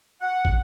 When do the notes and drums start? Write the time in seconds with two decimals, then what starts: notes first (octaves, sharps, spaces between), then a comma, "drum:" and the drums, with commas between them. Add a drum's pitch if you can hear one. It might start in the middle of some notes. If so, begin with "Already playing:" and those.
0.21 F#5
0.45 drum: kick